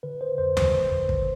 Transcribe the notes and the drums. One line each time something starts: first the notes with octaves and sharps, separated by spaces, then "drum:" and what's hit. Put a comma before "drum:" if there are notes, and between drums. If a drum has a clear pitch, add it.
D3 B4
C5
F2 C5
C5, drum: tom D#2
G1
D3, drum: kick